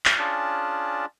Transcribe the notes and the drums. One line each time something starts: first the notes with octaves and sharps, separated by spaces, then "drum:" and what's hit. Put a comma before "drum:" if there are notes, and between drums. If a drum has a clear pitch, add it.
drum: clap
C#4 D4 F4 G#4 D5 A5